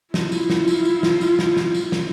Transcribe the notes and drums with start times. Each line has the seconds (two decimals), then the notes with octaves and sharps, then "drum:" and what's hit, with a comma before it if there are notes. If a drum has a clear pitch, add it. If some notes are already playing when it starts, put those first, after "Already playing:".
0.14 E4 F4, drum: snare
0.32 drum: tambourine
0.50 drum: snare
0.67 drum: tambourine
0.85 drum: tambourine
1.03 drum: snare
1.21 drum: tambourine
1.39 drum: snare
1.57 drum: snare
1.74 drum: tambourine
1.92 drum: snare